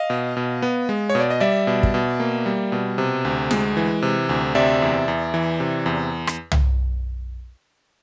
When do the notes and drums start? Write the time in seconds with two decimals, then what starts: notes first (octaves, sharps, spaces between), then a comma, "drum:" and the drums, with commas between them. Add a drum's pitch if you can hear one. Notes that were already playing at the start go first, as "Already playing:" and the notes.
Already playing: D#5 F5
0.10 B2
0.37 B2
0.62 B3
0.89 G#3
1.10 C#5
1.15 B2 D5
1.30 D#5
1.40 G3 D5 E5
1.67 B2
1.83 drum: kick
1.94 B2
2.20 A#3
2.46 G3
2.72 B2
2.98 C3
3.25 D2
3.51 G#3, drum: snare
3.77 E3
4.02 C3
4.29 D2
4.55 C3 D5 E5
4.82 E2
5.08 E2
5.34 E3
5.60 C3
5.86 E2
6.27 drum: rim click
6.51 drum: tom